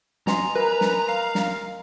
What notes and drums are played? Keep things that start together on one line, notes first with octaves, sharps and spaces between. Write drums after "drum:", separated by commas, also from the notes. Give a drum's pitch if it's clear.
D#5 G#5 A#5 C6, drum: snare
A#4 B4
drum: snare
F5
drum: snare